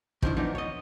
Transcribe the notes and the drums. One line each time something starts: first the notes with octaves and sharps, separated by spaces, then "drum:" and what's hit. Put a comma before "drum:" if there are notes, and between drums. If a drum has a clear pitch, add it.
D#3 F3 G3 C4 D4 E4, drum: kick
E3 F3 B3 D4 D#4
C#5 D#5